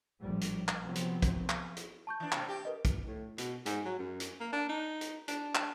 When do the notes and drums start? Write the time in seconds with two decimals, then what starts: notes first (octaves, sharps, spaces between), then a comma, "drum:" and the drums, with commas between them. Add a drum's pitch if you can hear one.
0.20 A#1 A2 F3 G3
0.41 drum: hi-hat
0.68 drum: clap
0.85 C3 F3 F#3 B3 C4
0.95 drum: hi-hat
1.22 drum: kick, hi-hat
1.49 drum: clap
1.77 drum: hi-hat
2.07 A5 C#6 G6
2.20 E3 D4
2.32 A2 C3 G3, drum: clap
2.49 G4
2.65 A#4 B4 D#5
2.85 drum: kick, hi-hat
3.07 A2
3.38 B2, drum: hi-hat
3.66 G#2, drum: hi-hat
3.85 F#3
3.99 F#2
4.20 drum: hi-hat
4.40 A#3
4.53 D4
4.69 D#4
5.01 drum: hi-hat
5.28 D4, drum: hi-hat
5.55 D4, drum: clap